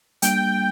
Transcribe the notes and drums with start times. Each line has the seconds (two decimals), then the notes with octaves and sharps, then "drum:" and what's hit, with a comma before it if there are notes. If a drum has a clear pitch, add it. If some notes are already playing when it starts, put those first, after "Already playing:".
0.22 G3 A#3 D4 G5, drum: hi-hat